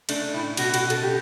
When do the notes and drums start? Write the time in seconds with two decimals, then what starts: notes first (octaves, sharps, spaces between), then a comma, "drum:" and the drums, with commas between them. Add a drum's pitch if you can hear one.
0.09 A3 D4, drum: cymbal
0.33 A2 E4
0.57 B2 F#4, drum: cymbal
0.74 F#4, drum: cymbal
0.82 B2
0.90 A4, drum: cymbal
1.03 G4